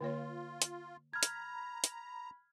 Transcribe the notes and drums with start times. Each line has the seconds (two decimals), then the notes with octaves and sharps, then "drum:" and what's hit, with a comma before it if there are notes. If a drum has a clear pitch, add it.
0.01 D3 A#3 F4 C#5
0.62 drum: hi-hat
1.13 A#5 B5 F6 G#6
1.23 drum: hi-hat
1.84 drum: hi-hat